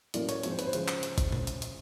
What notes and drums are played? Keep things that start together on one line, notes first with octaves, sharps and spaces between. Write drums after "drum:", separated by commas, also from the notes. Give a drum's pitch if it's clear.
A2 F#3 A#3 C#4 D5, drum: hi-hat
C#5, drum: hi-hat
G#2 F3 G#3 C4 C#5, drum: hi-hat
C5
B4, drum: hi-hat
C5
C#3 F3 G#3, drum: hi-hat
drum: clap
drum: hi-hat
drum: kick, hi-hat
drum: tom
drum: hi-hat
drum: hi-hat